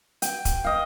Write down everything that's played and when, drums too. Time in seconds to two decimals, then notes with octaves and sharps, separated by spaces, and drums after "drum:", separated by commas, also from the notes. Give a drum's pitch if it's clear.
0.22 G5, drum: hi-hat
0.45 drum: kick, hi-hat
0.64 D#5 F5